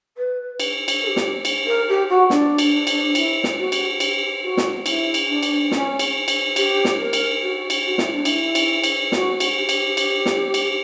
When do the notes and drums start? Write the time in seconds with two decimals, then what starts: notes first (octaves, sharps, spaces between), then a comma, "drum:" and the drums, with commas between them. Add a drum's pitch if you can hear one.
0.17 B4
0.60 drum: cymbal
0.88 drum: cymbal
1.02 A#4
1.07 G4
1.16 drum: snare
1.45 drum: cymbal
1.66 A#4
1.88 G4
2.09 F#4
2.30 D4, drum: snare
2.58 drum: cymbal
2.72 D4
2.87 drum: cymbal
3.15 E4, drum: cymbal
3.44 drum: snare
3.58 F#4
3.72 drum: cymbal
4.00 G4, drum: cymbal
4.43 F#4
4.57 drum: snare
4.86 E4, drum: cymbal
5.14 drum: cymbal
5.28 D4
5.43 drum: cymbal
5.71 C#4, drum: snare
5.99 drum: cymbal
6.28 drum: cymbal
6.56 G4, drum: cymbal
6.85 drum: snare
6.98 A#4
7.13 drum: cymbal
7.41 F#4
7.70 drum: cymbal
7.84 F#4
7.98 E4, drum: snare
8.12 D4
8.25 E4, drum: cymbal
8.55 drum: cymbal
8.84 drum: cymbal
9.12 F#4, drum: snare
9.40 drum: cymbal
9.55 G4
9.69 drum: cymbal
9.97 drum: cymbal
10.26 drum: snare
10.54 drum: cymbal